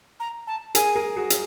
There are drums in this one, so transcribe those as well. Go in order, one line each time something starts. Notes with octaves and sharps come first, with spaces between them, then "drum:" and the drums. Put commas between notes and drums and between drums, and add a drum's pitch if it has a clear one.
A#5
A5
G#4 A#4 G#5, drum: hi-hat
G#4 A#4
F#4 G#4
drum: hi-hat